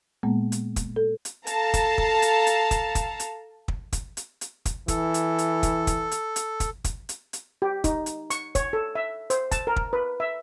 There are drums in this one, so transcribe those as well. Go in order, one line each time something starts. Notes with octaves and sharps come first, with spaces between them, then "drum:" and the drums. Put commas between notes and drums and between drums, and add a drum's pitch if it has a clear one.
A#2 G#3 A#3 B3
drum: hi-hat
drum: kick, hi-hat
A4
drum: hi-hat
A4 F5 A5 A#5, drum: hi-hat
drum: kick, hi-hat
drum: kick
drum: hi-hat
drum: hi-hat
drum: kick, hi-hat
drum: kick, hi-hat
drum: hi-hat
drum: kick
drum: kick, hi-hat
drum: hi-hat
drum: hi-hat
drum: kick, hi-hat
E3 A4, drum: kick, hi-hat
drum: hi-hat
drum: hi-hat
drum: kick, hi-hat
drum: kick, hi-hat
drum: hi-hat
drum: hi-hat
drum: kick, hi-hat
drum: kick, hi-hat
drum: hi-hat
drum: hi-hat
G4
D#4, drum: kick, hi-hat
drum: hi-hat
C#6, drum: hi-hat
C#5, drum: kick, hi-hat
A4
E5
C5, drum: hi-hat
A5, drum: kick, hi-hat
A#4
drum: kick
B4
E5